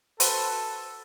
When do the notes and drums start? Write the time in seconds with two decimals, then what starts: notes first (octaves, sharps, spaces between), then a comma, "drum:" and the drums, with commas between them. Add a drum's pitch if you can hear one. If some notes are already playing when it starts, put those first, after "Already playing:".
0.20 F#4 A4 B4 C5, drum: hi-hat